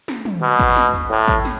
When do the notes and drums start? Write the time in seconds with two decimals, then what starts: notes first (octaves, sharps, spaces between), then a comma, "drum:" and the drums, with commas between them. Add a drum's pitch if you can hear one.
0.08 drum: snare
0.25 drum: tom
0.42 B2
0.59 drum: kick
0.77 drum: snare
0.94 drum: tom
1.10 A2
1.28 drum: kick
1.45 drum: snare